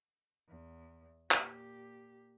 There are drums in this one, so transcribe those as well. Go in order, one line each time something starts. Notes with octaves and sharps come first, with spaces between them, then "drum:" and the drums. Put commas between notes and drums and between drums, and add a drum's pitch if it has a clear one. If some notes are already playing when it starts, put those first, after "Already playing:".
E2
A#2 G4, drum: clap